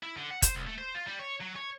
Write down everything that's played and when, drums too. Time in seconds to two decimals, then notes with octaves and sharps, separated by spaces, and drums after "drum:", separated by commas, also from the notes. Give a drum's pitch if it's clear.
0.03 E4
0.17 D3
0.31 F#5
0.42 C5, drum: kick, hi-hat
0.55 C2
0.67 A3
0.78 C5
0.95 F4
1.07 G3
1.19 C#5
1.41 F#3
1.56 C#5